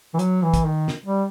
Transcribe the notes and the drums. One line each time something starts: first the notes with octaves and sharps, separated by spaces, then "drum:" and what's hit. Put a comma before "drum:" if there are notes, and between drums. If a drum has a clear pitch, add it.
E3
F#3, drum: hi-hat
E3
drum: kick, hi-hat
D#3
drum: snare
G3